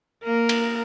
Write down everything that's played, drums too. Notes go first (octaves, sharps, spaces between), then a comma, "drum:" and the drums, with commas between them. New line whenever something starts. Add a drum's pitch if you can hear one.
A#3 A#4
drum: cymbal